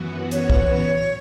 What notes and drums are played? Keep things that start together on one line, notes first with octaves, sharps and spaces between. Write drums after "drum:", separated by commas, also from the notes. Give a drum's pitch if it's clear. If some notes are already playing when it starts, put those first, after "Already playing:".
Already playing: F#2 E3 B3 F#4
C#5, drum: hi-hat
drum: kick B1